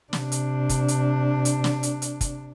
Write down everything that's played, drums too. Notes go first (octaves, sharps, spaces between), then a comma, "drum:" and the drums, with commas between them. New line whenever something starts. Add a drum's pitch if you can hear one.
C3 D4, drum: snare
drum: hi-hat
drum: kick, hi-hat
drum: hi-hat
drum: hi-hat
drum: snare
drum: hi-hat
drum: hi-hat
drum: kick, hi-hat